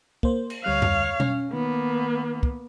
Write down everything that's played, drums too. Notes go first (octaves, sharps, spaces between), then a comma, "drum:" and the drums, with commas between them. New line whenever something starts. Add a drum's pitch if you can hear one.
A#3 C5, drum: kick
drum: cymbal
D2 G3 C#5 F5 F#6
drum: tom F2
C#4, drum: tom B2
D#3 A#3 B3
drum: kick